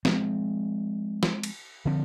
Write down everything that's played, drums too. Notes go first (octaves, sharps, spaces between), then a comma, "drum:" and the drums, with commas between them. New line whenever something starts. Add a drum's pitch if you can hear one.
F3 G#3 C4, drum: snare
drum: snare
drum: cymbal
D3 F3 C4